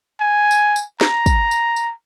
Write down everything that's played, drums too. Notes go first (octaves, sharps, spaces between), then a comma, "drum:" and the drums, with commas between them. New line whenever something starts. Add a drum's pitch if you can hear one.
G#5
drum: tambourine
drum: tambourine
A#5, drum: snare
drum: kick, tambourine
drum: tambourine
drum: tambourine